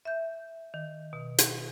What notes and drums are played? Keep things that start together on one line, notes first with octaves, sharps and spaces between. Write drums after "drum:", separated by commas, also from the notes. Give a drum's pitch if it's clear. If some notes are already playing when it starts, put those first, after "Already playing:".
E5 G6
D#3
B2
drum: hi-hat